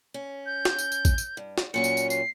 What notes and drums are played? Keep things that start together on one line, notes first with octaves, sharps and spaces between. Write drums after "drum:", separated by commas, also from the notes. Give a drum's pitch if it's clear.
C#4
G6
drum: snare
drum: tambourine
drum: tambourine
drum: kick, tambourine
drum: tambourine
G2
drum: snare
A#2 F#3 C#4 C#7
drum: tambourine
drum: tambourine
C7, drum: tambourine